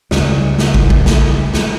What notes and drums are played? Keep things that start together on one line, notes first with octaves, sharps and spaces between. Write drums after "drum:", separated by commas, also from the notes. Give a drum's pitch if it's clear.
C#2 G3, drum: snare
drum: snare
drum: kick
drum: kick
drum: snare
drum: snare